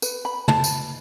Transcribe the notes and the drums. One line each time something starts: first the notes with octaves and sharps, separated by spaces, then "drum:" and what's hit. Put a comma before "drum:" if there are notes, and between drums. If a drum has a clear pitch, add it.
B4, drum: tambourine
B5
A5, drum: tom
drum: tambourine